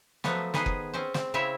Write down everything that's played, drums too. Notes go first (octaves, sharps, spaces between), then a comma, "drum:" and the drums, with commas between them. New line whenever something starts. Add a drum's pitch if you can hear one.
F3 F#3 A3 B3, drum: snare
D#3 B3 G#4 C5, drum: snare
drum: kick F#1
C4 C#4 C5
C4, drum: snare
C#3 C4 E4 C#5 E5